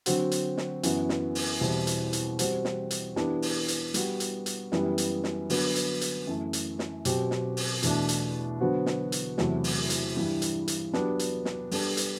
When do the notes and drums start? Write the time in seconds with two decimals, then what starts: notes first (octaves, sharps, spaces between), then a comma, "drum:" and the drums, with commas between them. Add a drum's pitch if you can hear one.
0.06 D3 F#3 C4 F#4, drum: hi-hat
0.32 drum: hi-hat
0.57 drum: snare
0.83 F#2 E3 B3 F#4, drum: hi-hat
1.09 drum: snare
1.35 drum: open hi-hat
1.61 E2 B2 G3 C4 E4
1.87 drum: hi-hat
2.13 drum: hi-hat
2.39 G3 C4 F#4 C5, drum: hi-hat
2.65 drum: snare
2.91 drum: hi-hat
3.16 E3 B3 D4 G4, drum: snare
3.42 drum: open hi-hat
3.68 drum: hi-hat
3.94 G3 B3 F#4, drum: hi-hat
4.20 drum: hi-hat
4.46 drum: hi-hat
4.72 F#2 E3 G3 B3, drum: snare
4.98 drum: hi-hat
5.24 drum: snare
5.50 D3 F#3 B3, drum: open hi-hat
5.75 drum: hi-hat
6.01 drum: hi-hat
6.27 F#2 E3 A3
6.53 drum: hi-hat
6.79 drum: snare
7.05 B2 F#3 C4 G4, drum: hi-hat
7.31 drum: snare
7.57 drum: open hi-hat
7.83 E2 B2 A3 D4, drum: hi-hat
8.09 drum: hi-hat
8.61 D3 F#3 B3 F#4 C5
8.86 drum: snare
9.12 drum: hi-hat
9.38 E2 C3 F#3 A3, drum: snare
9.64 drum: open hi-hat
9.90 drum: hi-hat
10.16 G2 E3 G3 D4
10.42 drum: hi-hat
10.68 drum: hi-hat
10.93 F#3 B3 D4 G4, drum: snare
11.19 drum: hi-hat
11.45 drum: snare
11.71 G3 B3 D4 A4, drum: open hi-hat
11.97 drum: hi-hat